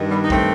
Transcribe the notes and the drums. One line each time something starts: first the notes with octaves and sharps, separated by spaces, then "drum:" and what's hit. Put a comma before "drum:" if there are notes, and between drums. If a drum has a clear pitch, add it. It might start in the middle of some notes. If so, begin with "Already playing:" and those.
Already playing: G2 D#3
G3 B3
D#4
A3 C4, drum: kick A#1